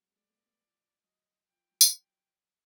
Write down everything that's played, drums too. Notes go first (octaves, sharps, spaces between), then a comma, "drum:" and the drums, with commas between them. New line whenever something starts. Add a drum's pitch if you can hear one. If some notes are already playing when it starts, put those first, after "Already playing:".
Already playing: F#3 G#3 C4
G#3
G3 A3 D5
A3 B3
A3 B3
F3
F#3 D#5
F3 G5
F#3
drum: tambourine